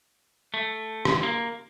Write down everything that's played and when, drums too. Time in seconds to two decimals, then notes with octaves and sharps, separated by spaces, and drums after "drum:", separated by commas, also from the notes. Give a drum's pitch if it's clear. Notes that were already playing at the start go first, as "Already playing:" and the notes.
0.54 A3
1.05 drum: rim click
1.23 A#3